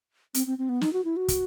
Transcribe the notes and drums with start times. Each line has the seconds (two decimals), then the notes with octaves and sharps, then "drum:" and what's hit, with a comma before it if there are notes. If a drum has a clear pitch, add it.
0.34 C4, drum: hi-hat
0.47 C4
0.58 C4
0.69 B3
0.81 D#4, drum: snare
0.93 F#4
1.05 E4
1.17 F#4
1.28 drum: kick, hi-hat